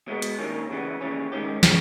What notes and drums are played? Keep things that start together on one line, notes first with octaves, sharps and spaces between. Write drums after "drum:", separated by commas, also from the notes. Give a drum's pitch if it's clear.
B2 G#3 B3
drum: hi-hat
G2 D#3 G3 A#3 C#4
E2 C#3 E3 G3 B3
D#2 C#3 E3 G3 C#4
G#2 D#3 G#3 C#4 G4
C#3 G3, drum: snare